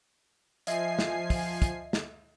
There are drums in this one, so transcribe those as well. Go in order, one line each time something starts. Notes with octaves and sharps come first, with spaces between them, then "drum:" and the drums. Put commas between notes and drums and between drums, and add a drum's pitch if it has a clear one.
F3 D#5 E5 G#5 C7, drum: hi-hat
drum: snare
drum: kick, open hi-hat
drum: kick, hi-hat
drum: snare